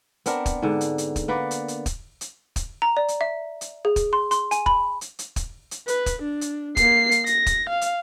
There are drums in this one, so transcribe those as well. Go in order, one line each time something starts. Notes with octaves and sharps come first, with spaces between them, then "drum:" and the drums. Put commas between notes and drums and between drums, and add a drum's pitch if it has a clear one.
B3 C4 D4 A#4, drum: hi-hat
drum: kick, hi-hat
G#2 D3
drum: hi-hat
drum: hi-hat
drum: kick, hi-hat
A#3 B3 B4 D5
drum: hi-hat
drum: hi-hat
drum: kick, hi-hat
drum: hi-hat
drum: kick, hi-hat
A#5
D5
drum: hi-hat
E5
drum: hi-hat
G#4
drum: kick, hi-hat
C6
C6, drum: hi-hat
G#5, drum: hi-hat
B5, drum: kick
drum: hi-hat
drum: hi-hat
drum: kick, hi-hat
drum: hi-hat
B4, drum: hi-hat
drum: kick, hi-hat
D4
drum: hi-hat
A#3 C7, drum: kick, hi-hat
drum: hi-hat
A#6, drum: hi-hat
drum: kick, hi-hat
F5
drum: hi-hat